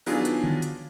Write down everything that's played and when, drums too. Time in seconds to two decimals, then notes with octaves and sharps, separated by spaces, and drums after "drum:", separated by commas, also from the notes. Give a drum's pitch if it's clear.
0.06 D#3 F#3 B3 D4 F4 G#4, drum: open hi-hat
0.25 drum: hi-hat
0.44 drum: tom D3
0.62 drum: hi-hat